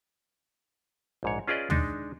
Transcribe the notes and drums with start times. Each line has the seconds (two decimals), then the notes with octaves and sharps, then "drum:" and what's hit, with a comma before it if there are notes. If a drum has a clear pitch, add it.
1.23 A#1 G#2 C#5
1.48 C#4 F4 G#4 B4 D5 D#5
1.70 G#3 D4 D#4, drum: tom